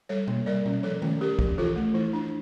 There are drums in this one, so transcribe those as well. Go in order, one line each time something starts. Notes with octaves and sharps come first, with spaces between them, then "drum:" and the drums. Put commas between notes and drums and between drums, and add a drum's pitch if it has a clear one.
G3 A4 C#5
A#3, drum: tom B2
G3 A#4 D5
C#4, drum: tom B2
F3 A4 C#5
C#4, drum: tom D#3
C#4 G4 A#4
F3, drum: kick
E3 F4 A4
A3
E3 E4
D4